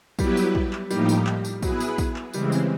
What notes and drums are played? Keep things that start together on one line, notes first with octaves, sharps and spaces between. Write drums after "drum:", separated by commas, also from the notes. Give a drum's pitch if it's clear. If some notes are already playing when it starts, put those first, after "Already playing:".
F#3 G3 B3 E4 G4 B4, drum: kick, tambourine
drum: tambourine
drum: kick
drum: clap
A2 F3 G3 A#3 D#4 G4, drum: tambourine
drum: tambourine
drum: clap
drum: tambourine
F#3 B3 E4 G#4 B4, drum: kick, tambourine
drum: tambourine
drum: kick, tambourine
drum: clap
C#3 E3 G3 G#3 C4, drum: tambourine
drum: tambourine